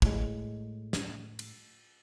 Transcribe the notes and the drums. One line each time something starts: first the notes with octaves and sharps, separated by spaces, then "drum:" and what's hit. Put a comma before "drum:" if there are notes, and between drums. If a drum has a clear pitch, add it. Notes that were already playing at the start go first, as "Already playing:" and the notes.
A2 G#3, drum: kick
drum: snare
drum: cymbal